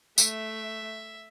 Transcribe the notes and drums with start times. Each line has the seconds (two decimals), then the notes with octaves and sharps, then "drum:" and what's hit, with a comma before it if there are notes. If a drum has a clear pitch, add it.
0.18 A3 E5, drum: tambourine